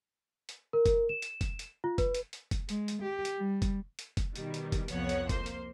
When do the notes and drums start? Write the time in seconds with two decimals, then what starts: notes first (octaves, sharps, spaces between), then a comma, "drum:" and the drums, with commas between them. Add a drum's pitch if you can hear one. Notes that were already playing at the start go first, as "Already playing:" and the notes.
0.49 drum: hi-hat
0.73 A#4
0.86 drum: kick F1, hi-hat
1.09 E7
1.22 drum: hi-hat
1.41 drum: kick F1, hi-hat
1.59 drum: hi-hat
1.84 F4
1.98 B4, drum: kick F1, hi-hat
2.14 drum: hi-hat
2.33 drum: hi-hat
2.51 drum: kick F1, hi-hat
2.69 G#3, drum: hi-hat
2.88 drum: hi-hat
3.03 G4
3.25 drum: hi-hat
3.37 G3
3.62 drum: kick F1, hi-hat
3.99 drum: hi-hat
4.17 drum: kick F1, hi-hat
4.36 B2 D#3 G3, drum: hi-hat
4.54 drum: hi-hat
4.72 drum: kick F1, hi-hat
4.88 C2 F2 F3 B3 C#5 F#5, drum: hi-hat
5.09 drum: hi-hat
5.29 A#3 C5 C6, drum: kick F1, hi-hat
5.46 drum: hi-hat